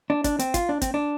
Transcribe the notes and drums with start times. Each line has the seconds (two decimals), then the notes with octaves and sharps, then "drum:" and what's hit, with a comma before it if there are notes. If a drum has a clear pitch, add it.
0.10 D4
0.24 D4, drum: kick, hi-hat
0.39 C4, drum: hi-hat
0.54 F4, drum: kick, hi-hat
0.69 D4
0.82 C4, drum: kick, hi-hat
0.94 D4